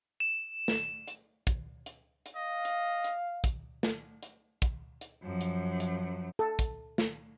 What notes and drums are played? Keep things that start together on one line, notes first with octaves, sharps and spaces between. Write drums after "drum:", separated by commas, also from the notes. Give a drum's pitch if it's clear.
E7
drum: snare
drum: hi-hat
drum: kick, hi-hat
drum: hi-hat
drum: hi-hat
D#5 F5
drum: hi-hat
drum: hi-hat
drum: kick, hi-hat
drum: snare
drum: hi-hat
drum: kick, hi-hat
drum: hi-hat
F#2 F3
drum: hi-hat
drum: hi-hat
A4
drum: kick, hi-hat
drum: snare